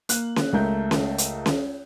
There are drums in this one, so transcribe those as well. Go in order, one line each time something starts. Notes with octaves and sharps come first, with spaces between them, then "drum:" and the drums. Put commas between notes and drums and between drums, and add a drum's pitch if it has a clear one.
A#3 F#6, drum: hi-hat
drum: snare C#4
C#2 A3 A#4 G6
drum: snare C#4
drum: hi-hat
drum: snare C#4